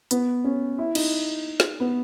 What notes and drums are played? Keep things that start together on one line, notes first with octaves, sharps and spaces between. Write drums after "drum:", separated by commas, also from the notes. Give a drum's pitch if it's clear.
B3, drum: hi-hat
C#4
E4
D#4, drum: cymbal
drum: snare
B3